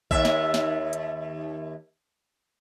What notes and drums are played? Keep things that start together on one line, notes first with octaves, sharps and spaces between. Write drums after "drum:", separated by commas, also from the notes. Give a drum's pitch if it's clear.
D#2 E5, drum: kick A#1
drum: snare
drum: snare
drum: hi-hat